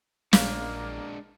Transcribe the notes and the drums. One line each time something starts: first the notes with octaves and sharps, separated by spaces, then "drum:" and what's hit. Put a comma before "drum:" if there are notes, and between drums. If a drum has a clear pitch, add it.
A#1 A#2 G#3 A#3 D4 F5, drum: snare